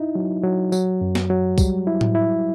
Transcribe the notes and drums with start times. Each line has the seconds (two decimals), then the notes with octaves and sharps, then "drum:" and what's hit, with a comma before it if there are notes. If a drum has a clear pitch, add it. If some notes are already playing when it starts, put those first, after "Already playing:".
Already playing: D#4 E4
0.15 F#3
0.44 F#3
0.72 F#3, drum: tambourine
1.01 F#2
1.15 drum: snare
1.30 F#3
1.58 G3, drum: kick C2, tambourine
1.87 E4
2.01 drum: tom A2
2.15 E4